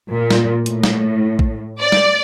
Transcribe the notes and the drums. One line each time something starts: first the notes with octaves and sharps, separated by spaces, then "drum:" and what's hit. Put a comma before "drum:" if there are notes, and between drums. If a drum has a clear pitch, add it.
A#2
drum: snare
A2, drum: hi-hat
drum: snare
drum: kick A#1
D5
drum: snare